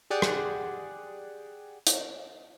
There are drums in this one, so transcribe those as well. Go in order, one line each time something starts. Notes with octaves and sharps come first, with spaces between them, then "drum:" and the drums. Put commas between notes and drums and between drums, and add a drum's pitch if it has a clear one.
G4 G#4 D5 F#5 G5
drum: rim click
drum: hi-hat